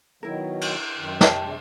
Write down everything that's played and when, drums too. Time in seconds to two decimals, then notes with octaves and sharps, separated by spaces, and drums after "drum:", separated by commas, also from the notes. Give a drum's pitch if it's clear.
0.23 B2 D#3 F#3 E4 A#4
0.61 drum: cymbal
0.97 F#2 D#3
1.21 G4 A5, drum: snare
1.43 C3 G#3 D4